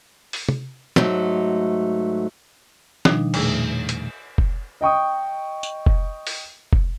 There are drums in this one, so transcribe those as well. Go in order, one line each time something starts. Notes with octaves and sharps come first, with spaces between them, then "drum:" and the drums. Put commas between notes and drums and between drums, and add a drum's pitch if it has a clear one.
drum: open hi-hat
drum: tom
G#2 F#3 A3, drum: snare
B2 D#3 F3 G3 D4 D#4, drum: snare
E2 A#2 A3 G#4 E6, drum: cymbal
drum: hi-hat
drum: kick F1
D#5 G5 C#6 D#6
drum: tambourine
drum: kick F1
drum: open hi-hat
drum: kick F1